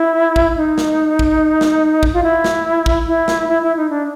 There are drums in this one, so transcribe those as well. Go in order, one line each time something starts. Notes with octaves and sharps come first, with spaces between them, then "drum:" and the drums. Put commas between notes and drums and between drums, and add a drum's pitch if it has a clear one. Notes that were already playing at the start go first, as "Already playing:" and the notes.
Already playing: E4
drum: kick
D#4
drum: snare
drum: kick
drum: snare
drum: kick
F4
E4
drum: snare
drum: kick
E4
drum: snare
E4
E4
D#4
D4